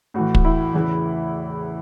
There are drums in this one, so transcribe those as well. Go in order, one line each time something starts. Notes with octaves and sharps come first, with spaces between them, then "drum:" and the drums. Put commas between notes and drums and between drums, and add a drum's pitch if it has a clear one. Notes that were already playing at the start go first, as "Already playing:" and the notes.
A2 E3 F#4
drum: kick
E4
E2 C#3 E3